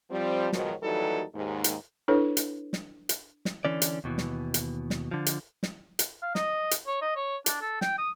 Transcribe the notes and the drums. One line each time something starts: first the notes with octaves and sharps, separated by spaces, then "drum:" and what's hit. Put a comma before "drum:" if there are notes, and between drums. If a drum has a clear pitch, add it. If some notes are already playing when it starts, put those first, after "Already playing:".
F3 G3 C4
G#2 B2 D#3 F3 F#3, drum: snare
D#2 E3 F#3 G3 D#4 A4
D#2 G#2
drum: hi-hat
D4 E4 A4 B4 C#5
drum: hi-hat
drum: snare
drum: hi-hat
drum: snare
D3 E3 C#4 D5
drum: hi-hat
D#2 B2 E3
drum: snare
drum: hi-hat
drum: snare
D3 F3
drum: hi-hat
drum: snare
drum: hi-hat
F5
D#5, drum: snare
drum: hi-hat
C#5
D#5
C#5
D4, drum: hi-hat
A4
G5, drum: snare
D#6